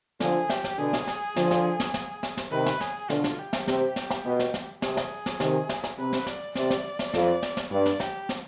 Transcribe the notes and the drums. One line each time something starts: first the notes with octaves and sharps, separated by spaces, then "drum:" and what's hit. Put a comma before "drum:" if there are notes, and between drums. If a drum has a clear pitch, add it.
D3 F3 G#4, drum: snare
G4, drum: snare
drum: snare
B2 D3 G#4
drum: snare
drum: snare
D3 F3, drum: snare
drum: snare
drum: snare
drum: snare
drum: snare
drum: snare
C3 D#3 B4
drum: snare
G#4, drum: snare
B2 D3 F4, drum: snare
drum: snare
G4
drum: snare
C3, drum: snare
drum: snare
drum: snare
B2
drum: snare
drum: snare
C3 G#4, drum: snare
drum: snare
drum: snare
C3 D#3, drum: snare
drum: snare
drum: snare
C3 B4
drum: snare
D5, drum: snare
C3 D5, drum: snare
drum: snare
drum: snare
F2, drum: snare
drum: snare
drum: snare
G2 D5
drum: snare
G4, drum: snare
drum: snare